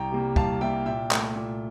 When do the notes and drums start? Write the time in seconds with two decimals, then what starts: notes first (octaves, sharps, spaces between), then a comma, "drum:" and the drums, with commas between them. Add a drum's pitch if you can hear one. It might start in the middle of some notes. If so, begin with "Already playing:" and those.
Already playing: C2 G5 A#5
0.11 C3 G3 A#3
0.36 C2 F5 A5, drum: kick
0.61 C3 G3 A#3 E5 G5
0.86 A#2 E5 G5
1.11 A3, drum: clap
1.36 A#2